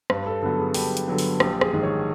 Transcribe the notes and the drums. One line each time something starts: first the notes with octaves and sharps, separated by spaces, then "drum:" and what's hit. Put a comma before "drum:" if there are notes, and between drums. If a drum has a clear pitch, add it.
G2 B4, drum: rim click
A4
D3 F#3 B3 A4
G#4
G2 G4, drum: open hi-hat
drum: hi-hat
D3 F#3 B3
drum: open hi-hat
A#1 G4, drum: rim click
G#4, drum: rim click
G#2 D#3 G#3
C#5